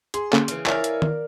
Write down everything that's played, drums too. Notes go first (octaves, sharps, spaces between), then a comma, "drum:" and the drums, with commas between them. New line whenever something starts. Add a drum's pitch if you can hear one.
G#4 C6, drum: hi-hat
D3 A#3 C#4, drum: clap
C#3 E3, drum: hi-hat
E4 A#4 C#5 D5 F5 G#5, drum: clap
drum: hi-hat
drum: tom D#3